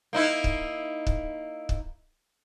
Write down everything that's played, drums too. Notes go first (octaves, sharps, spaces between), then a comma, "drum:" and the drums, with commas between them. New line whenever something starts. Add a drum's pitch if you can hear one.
A#3 D#4 E4
drum: kick
drum: kick
drum: kick